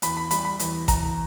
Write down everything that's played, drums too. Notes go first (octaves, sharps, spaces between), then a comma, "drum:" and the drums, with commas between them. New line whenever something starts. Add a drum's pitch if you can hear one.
E2 B5, drum: hi-hat
B5
G3 B5, drum: hi-hat
B5
E2, drum: hi-hat
E2 A#5, drum: kick A1, hi-hat